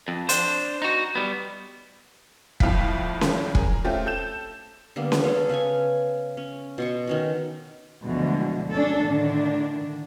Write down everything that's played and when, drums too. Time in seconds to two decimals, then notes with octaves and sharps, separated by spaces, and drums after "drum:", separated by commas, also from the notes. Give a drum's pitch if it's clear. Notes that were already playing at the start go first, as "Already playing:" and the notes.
0.08 F2
0.29 D4 C5, drum: hi-hat
0.82 D#4 F#4
1.15 G3 B3
2.60 C2 F2 A2 F5 B6, drum: kick
3.21 drum: snare C#4
3.55 G#4 A#4, drum: kick
3.84 A3 C4 C#4 F4 G4
4.06 A4 G6 E7
4.96 D3 G3 A#3 B3
5.12 drum: snare C#4
5.24 C#4 G#4 A4
5.49 C#3 B4 C#5 G#5
6.37 C#4
6.78 B2 C6 C#6
7.07 D#3 C#4 F#4
8.04 D2 B2 D3 E3 F3 G#3
8.70 C#4 D4 A4
9.03 A2 D3 D#3 D4